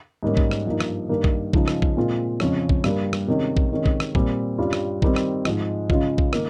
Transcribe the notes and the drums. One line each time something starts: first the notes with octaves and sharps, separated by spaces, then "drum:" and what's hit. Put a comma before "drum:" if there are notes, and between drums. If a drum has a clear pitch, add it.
G#2 G3 A#3 C#4
drum: kick A#1
drum: rim click
G2 F3 A#3 D#4
drum: rim click
G2 D#3 A#3 D#4
drum: kick A#1
C#3 F3 G#3 D#4, drum: kick A#1
drum: rim click
drum: kick A#1
A#2 G#3 C4 F4
F2 C#3 F3 G#3 C#4, drum: rim click
drum: kick A#1
G2 G3 A#3, drum: rim click
drum: rim click
C3 D#3 G#3 C#4
drum: kick A#1
C3 D#3 G#3 C#4
drum: kick A#1
drum: rim click
A#2 G3 C4, drum: kick A#1
G2 G3 C#4 F4
drum: rim click
D#3 G3 C4, drum: kick A#1
drum: rim click
G#2 F3 G#3, drum: rim click
C#3 G#3 C#4 F4, drum: kick A#1
drum: kick A#1
D#3 A#3, drum: rim click